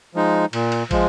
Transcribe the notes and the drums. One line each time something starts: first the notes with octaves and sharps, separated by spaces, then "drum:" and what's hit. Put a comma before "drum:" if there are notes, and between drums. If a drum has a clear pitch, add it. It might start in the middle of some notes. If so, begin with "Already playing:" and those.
F3 G#3 D#4
A#2, drum: cymbal
drum: cymbal
F3 G#3, drum: kick, cymbal